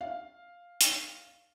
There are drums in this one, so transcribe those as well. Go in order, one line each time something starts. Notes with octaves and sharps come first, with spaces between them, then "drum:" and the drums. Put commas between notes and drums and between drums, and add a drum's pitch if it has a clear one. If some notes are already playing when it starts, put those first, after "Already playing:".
F5
drum: hi-hat